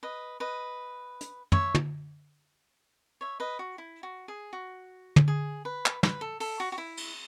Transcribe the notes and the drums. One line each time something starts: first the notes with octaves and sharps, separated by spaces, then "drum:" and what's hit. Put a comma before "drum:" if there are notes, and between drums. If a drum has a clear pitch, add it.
B4 D#5
B4 D#5
drum: hi-hat
C#5 E5, drum: tom
drum: tom
C#5 E5
B4 D#5
F#4
E4
F#4
G#4
F#4
drum: tom
G#4
B4
drum: clap
B4, drum: snare
A4
A4, drum: open hi-hat
F#4
F#4
E4
drum: cymbal